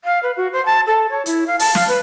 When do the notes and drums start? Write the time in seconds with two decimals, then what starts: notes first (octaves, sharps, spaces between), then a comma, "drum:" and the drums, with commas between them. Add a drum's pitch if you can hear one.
0.05 F5
0.23 B4
0.37 F#4
0.53 C5
0.66 A5
0.87 A4
1.10 C#5
1.26 E4, drum: hi-hat
1.47 F5
1.59 A5, drum: open hi-hat
1.75 F5, drum: snare
1.88 B4